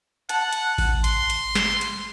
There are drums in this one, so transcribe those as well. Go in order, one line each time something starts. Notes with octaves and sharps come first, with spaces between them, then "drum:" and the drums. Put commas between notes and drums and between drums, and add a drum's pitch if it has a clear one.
F#5 A5, drum: hi-hat
drum: hi-hat
drum: kick A1, open hi-hat
C6, drum: hi-hat
drum: hi-hat
drum: snare
drum: hi-hat